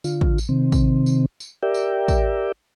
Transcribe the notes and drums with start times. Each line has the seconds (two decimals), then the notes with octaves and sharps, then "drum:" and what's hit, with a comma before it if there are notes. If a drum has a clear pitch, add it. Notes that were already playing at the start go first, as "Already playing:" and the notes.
0.04 D3 F4, drum: tambourine
0.21 drum: kick
0.38 drum: tambourine
0.49 C3 D#3 C4
0.72 drum: kick, tambourine
1.06 drum: tambourine
1.40 drum: tambourine
1.63 G4 A#4 D5 E5 G5
1.74 drum: tambourine
2.08 drum: kick, tambourine